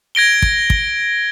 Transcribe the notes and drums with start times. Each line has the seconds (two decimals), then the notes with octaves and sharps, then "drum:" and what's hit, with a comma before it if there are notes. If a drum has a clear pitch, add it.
0.15 G#6 A#6 D7 G7
0.42 drum: kick
0.70 drum: kick